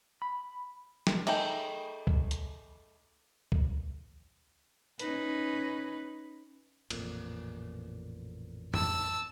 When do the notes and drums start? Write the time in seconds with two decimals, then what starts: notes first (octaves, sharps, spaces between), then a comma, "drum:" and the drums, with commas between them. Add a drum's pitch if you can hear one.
0.22 B5
1.07 drum: snare
1.27 A3 D#4 G#4 G5, drum: cymbal
2.07 drum: kick
2.31 drum: hi-hat
3.52 drum: kick
4.99 C#4 D#4 B4, drum: hi-hat
6.90 A1 F2 A#2, drum: cymbal
8.74 A5 E6, drum: tom